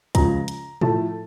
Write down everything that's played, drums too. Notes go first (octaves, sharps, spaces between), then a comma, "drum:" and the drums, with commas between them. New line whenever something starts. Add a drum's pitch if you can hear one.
C#2 C#3 F3 A#5, drum: kick, hi-hat
drum: hi-hat
A2 F3 A3 A5, drum: tom A2